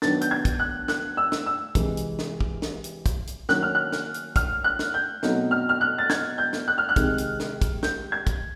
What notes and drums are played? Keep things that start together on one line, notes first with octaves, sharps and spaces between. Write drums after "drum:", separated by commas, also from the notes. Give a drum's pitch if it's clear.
D#3 F#3 B3 D4 A6, drum: snare
G6, drum: hi-hat
G#6
drum: kick, hi-hat
F#6
F#6, drum: snare
E6
drum: snare
E6
C3 E3 G#3, drum: kick, hi-hat
drum: hi-hat
drum: snare
drum: kick
drum: snare
drum: hi-hat
drum: kick, hi-hat
drum: hi-hat
D#3 F#3 A#3 C#4 F#6, drum: snare
F6
F#6
drum: snare
drum: hi-hat
F6, drum: kick, hi-hat
F#6
drum: snare
G6
B2 F#3 A3 C4 D#4, drum: snare
F6
F6
F#6
A6
G#6, drum: snare
G6
drum: snare
F#6
F6
F#6
C3 D#3 G#3 C4, drum: kick, hi-hat
drum: hi-hat
drum: snare
drum: kick, hi-hat
G6, drum: snare
G#6
drum: kick, hi-hat